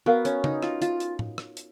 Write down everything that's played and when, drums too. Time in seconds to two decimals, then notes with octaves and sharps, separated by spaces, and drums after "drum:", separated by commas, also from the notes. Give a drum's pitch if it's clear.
0.06 B3 F#4 A#4 F5
0.25 C#4, drum: hi-hat
0.44 D#4, drum: tom
0.62 F4, drum: rim click
0.82 F4, drum: hi-hat
1.00 drum: hi-hat
1.19 drum: tom
1.38 drum: rim click
1.57 drum: hi-hat